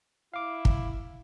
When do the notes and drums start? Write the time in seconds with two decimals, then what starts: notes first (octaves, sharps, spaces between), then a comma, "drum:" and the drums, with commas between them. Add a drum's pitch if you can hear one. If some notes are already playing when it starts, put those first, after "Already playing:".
0.34 E4 F5 D6
0.65 drum: kick